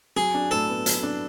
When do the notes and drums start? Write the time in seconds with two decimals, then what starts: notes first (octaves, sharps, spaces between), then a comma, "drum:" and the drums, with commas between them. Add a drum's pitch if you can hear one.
0.16 F#3 G#4
0.34 D4
0.51 A2 A4
0.69 B3
0.86 F#3, drum: hi-hat
1.03 D4